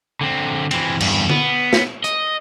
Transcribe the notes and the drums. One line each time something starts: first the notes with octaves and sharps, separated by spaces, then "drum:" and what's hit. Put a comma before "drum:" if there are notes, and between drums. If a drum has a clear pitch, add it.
D3 C4
E3 C4, drum: cymbal
E2 G2, drum: cymbal
B3, drum: tom D3
drum: snare
D#5, drum: hi-hat